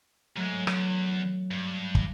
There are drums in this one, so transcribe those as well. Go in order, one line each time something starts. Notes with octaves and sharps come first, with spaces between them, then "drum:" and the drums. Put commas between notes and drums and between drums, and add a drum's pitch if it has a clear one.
G#2 F#3 G#3 A3
E2, drum: rim click
G2
drum: kick